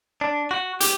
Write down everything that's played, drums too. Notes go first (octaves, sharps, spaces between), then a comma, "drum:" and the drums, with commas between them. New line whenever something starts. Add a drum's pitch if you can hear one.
D4
F#4
G4, drum: hi-hat